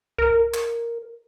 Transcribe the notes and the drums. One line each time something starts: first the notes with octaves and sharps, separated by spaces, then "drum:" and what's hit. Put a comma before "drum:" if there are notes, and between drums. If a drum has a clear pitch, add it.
A#4, drum: kick C2
drum: clap